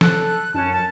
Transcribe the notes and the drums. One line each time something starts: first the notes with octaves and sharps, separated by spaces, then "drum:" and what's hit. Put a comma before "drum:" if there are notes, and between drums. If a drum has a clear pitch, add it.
A4 F#6, drum: snare
F#2 C#4 A5
A5